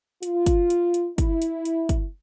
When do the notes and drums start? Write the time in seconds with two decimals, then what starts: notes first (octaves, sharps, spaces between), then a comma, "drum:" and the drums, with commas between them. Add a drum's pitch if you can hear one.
0.23 F4, drum: hi-hat
0.46 drum: kick, hi-hat
0.70 drum: hi-hat
0.94 drum: hi-hat
1.18 E4, drum: kick, hi-hat
1.42 drum: hi-hat
1.65 drum: hi-hat
1.89 drum: kick, hi-hat